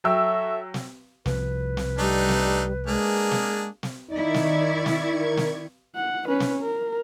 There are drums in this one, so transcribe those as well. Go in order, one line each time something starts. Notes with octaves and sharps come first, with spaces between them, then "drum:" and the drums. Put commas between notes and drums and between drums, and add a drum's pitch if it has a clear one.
F#3 A4 C#5 E5 G5 E6
drum: snare
C2 F3 B4, drum: snare
drum: snare
G3 A3 D4 D#4
drum: snare
G#3 A#3 D4 G#4
drum: snare
drum: snare
D#3 D#4 E4 D5 C#6 G#6
drum: snare
drum: snare
A#4
drum: snare
F#5
C#4 B4
drum: snare
A#4